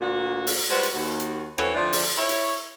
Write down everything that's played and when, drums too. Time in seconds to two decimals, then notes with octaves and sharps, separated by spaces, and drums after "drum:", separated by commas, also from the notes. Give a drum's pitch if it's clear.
0.01 D2 A#2 F#4
0.47 drum: open hi-hat
0.70 G3 G#3 F4 F#4 B4 C5
0.83 drum: hi-hat
0.93 D#2 F#4
1.20 drum: hi-hat
1.58 E3 C4 E4 F#4 A4 C#5, drum: rim click
1.74 F2 D3 F3 A3 D5
1.93 drum: open hi-hat
2.17 E4 C#5 E5
2.29 drum: hi-hat